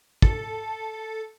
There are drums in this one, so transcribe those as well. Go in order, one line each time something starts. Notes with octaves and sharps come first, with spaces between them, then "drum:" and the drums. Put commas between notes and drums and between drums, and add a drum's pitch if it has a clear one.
A4, drum: kick